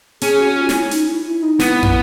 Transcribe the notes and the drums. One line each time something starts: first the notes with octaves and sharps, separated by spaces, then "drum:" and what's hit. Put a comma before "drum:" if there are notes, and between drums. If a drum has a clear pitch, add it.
C#4 G#4, drum: hi-hat
F#4
F4
F4, drum: snare
E4
D#4, drum: hi-hat
E4
E4
D#4
B3 E4, drum: snare
drum: tom